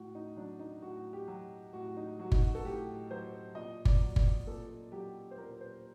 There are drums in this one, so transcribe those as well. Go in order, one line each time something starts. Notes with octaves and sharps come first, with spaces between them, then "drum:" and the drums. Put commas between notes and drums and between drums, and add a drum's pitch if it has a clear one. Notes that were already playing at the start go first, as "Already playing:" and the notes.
Already playing: A2 F#4
D#4
F#3 D4
D#4
A2 F#4
G4
F#3
A2 F#4
D#4
F#3 F#4
D#4, drum: kick G1
F#4
A4
A2 G4
F#3 C5
A#2 D#5
D5, drum: kick G1
F#3
D5, drum: kick G1
A#2 A4
F#3 G4
C5
A#2 A#4
C5